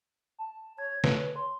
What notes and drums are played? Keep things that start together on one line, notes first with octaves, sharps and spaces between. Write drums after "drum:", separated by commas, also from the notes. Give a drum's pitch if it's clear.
A5
C#5 G#6
B4 C#5, drum: snare
C6